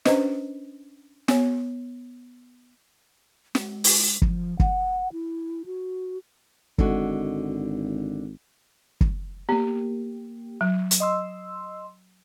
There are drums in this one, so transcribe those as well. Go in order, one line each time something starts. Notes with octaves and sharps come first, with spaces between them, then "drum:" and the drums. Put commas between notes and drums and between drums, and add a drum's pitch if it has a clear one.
C#4 D4 B4 C5 D#5, drum: snare
B3 C#5, drum: snare
G#3, drum: snare
drum: open hi-hat
F3, drum: kick
F#5, drum: kick
E4
F#4
G#1 D3 G#3 F#4, drum: kick
drum: kick
A#3 B3 G4
F#3
drum: hi-hat
D#5 C6 E6